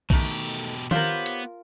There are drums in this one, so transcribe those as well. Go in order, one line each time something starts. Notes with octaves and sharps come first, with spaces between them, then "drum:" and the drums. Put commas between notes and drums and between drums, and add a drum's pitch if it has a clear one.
B2 D#3 A3 G4, drum: kick B1
B3 F4 G4 A#4 C5 C#5, drum: tom D#3
drum: hi-hat